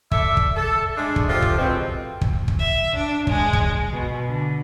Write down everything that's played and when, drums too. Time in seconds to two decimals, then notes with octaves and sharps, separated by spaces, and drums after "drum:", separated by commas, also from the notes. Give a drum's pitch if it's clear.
0.11 A4 D5 E5, drum: kick
0.37 drum: kick
0.56 A4
0.96 G#3 A3 D4
1.16 drum: kick
1.29 F3 A3 F4 G4 A4
1.42 drum: kick
1.57 B2 G#3 C4
2.21 drum: kick
2.48 drum: kick
2.58 E5
2.95 D4
3.27 G#3, drum: kick
3.53 drum: kick
3.92 B2
4.27 D3